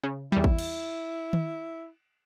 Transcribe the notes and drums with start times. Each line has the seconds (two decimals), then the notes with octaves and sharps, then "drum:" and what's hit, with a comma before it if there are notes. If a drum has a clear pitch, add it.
0.03 C#3
0.32 E2 G3 E4
0.44 drum: kick
0.59 drum: cymbal
1.33 drum: tom D#3